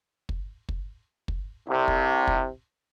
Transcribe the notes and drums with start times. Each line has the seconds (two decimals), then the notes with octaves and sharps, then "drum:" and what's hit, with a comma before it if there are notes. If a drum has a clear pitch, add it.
0.29 drum: kick
0.69 drum: kick
1.28 drum: kick
1.68 C2 C3
1.88 drum: kick
2.27 drum: kick